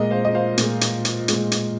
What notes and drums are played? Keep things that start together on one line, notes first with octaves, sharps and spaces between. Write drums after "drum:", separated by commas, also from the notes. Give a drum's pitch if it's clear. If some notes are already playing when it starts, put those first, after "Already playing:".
Already playing: A#2 G#3 A#4 D#5
C5 F5
D#5
C5 F5
A#2 G#3, drum: hi-hat
drum: hi-hat
drum: hi-hat
A#2 G#3, drum: hi-hat
drum: hi-hat